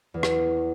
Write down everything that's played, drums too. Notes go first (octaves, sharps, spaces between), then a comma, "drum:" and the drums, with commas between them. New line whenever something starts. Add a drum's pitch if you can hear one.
E2
drum: rim click